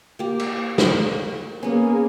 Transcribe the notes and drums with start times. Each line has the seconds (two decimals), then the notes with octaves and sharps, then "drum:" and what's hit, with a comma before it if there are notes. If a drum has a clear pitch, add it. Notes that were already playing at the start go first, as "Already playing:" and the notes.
0.19 A#3 G4
0.40 drum: cymbal
0.78 drum: snare
1.63 A#3 B3 C#4 G#4